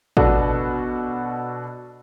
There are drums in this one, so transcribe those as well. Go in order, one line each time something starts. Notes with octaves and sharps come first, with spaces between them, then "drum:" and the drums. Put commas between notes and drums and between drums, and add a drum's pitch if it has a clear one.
B2 B3 D4 F#4 A4, drum: kick